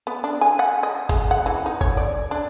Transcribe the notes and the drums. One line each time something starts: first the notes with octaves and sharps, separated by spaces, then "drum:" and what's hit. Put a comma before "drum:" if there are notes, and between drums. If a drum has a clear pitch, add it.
B3
D4
G#5
F#5
D#5
G#3, drum: kick, hi-hat
F#5
E3
D#4
C#5, drum: kick
D5
D4